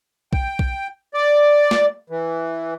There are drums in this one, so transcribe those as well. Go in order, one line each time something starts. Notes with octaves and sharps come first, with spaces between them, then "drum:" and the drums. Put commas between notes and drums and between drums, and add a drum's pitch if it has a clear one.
G5, drum: kick B1
drum: kick B1
D5
drum: snare
E3